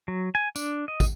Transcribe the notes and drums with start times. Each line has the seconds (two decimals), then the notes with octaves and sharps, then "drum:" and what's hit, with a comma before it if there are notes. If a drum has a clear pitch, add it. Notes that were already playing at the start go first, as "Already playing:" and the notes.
0.08 F#3
0.35 G#5
0.56 D4, drum: tambourine
0.88 D#5
1.00 drum: kick, tambourine